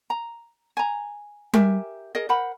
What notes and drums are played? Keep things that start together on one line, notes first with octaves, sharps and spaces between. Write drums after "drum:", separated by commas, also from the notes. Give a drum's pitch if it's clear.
A#5
G#5 A#5
G4 A#4 E5 G#5, drum: tom G3
G#4 A#4 D#5
A#4 C5 F#5 B5